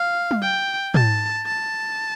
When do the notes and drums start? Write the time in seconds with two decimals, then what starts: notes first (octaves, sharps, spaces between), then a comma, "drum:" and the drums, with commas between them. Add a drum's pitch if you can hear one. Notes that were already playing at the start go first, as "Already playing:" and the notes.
Already playing: F5
0.31 drum: tom
0.42 G5
0.94 A5, drum: tom
1.46 A5